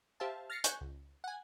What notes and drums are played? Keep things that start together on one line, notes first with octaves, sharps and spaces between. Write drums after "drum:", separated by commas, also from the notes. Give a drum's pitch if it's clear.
G4 C5 E5 F5 A5
F6 A6 A#6 C7 C#7
G#5 C#6 F#6 G6, drum: hi-hat
C#2
F#5 G#5